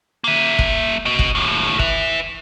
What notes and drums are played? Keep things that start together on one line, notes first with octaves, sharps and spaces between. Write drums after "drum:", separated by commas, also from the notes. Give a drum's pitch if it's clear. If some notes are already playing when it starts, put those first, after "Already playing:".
A#3 E5
drum: kick
F#4 D#5
drum: kick
D#2 A2
B4 E5, drum: kick